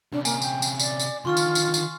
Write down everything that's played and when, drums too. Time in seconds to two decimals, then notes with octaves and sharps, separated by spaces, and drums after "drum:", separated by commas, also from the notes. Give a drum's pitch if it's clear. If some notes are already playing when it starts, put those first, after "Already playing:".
0.13 C3 C#4 D4
0.25 A#3 G#5, drum: tambourine
0.42 G5, drum: tambourine
0.62 drum: tambourine
0.79 D5, drum: tambourine
0.99 drum: tambourine
1.25 D3 D#3 F4 C6 C#6 F6
1.37 drum: tambourine
1.55 drum: tambourine
1.74 drum: tambourine